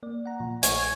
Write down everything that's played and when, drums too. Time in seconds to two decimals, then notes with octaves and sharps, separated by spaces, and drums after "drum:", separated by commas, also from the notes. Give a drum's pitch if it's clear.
0.03 A#3 D5
0.26 F#5 A#5
0.40 A#2 F3
0.63 A#1 A3 C#5 G#5, drum: hi-hat